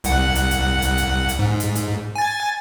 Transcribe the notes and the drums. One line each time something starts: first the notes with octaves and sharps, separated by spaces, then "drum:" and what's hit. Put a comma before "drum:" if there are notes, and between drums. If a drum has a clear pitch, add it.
C2 F#5, drum: hi-hat
drum: hi-hat
drum: hi-hat
drum: hi-hat
drum: hi-hat
drum: hi-hat
G#2
drum: hi-hat
drum: hi-hat
G#5 A6